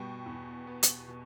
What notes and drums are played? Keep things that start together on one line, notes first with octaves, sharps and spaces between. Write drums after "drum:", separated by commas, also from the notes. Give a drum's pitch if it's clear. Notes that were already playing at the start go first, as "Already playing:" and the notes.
Already playing: B2 G3 B3 G5
E2
B3
drum: hi-hat
B2